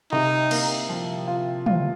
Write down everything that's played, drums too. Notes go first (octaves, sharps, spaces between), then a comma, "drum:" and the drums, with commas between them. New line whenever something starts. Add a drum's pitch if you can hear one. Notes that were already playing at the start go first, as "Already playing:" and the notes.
C3 D#4
A#3, drum: cymbal
F3
F4
F4, drum: tom